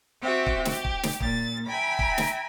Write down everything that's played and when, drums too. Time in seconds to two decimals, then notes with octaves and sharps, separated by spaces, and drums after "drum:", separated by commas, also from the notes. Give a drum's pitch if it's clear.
0.21 C4 F#4 G4 E5
0.46 drum: kick
0.65 G4, drum: snare
0.84 drum: kick
1.04 drum: snare
1.20 A#2 A6, drum: kick
1.67 E5 G5 G#5 A#5 B5
1.99 drum: kick
2.18 drum: snare